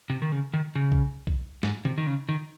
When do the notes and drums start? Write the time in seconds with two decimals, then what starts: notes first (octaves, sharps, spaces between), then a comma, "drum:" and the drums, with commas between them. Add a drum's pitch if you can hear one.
0.10 C3
0.22 D#3
0.32 C#3
0.54 D#3
0.75 C#3
0.92 drum: kick B1
1.27 drum: kick B1
1.63 G#2, drum: snare
1.85 C3, drum: tom D3
1.98 D#3
2.07 C#3
2.29 D#3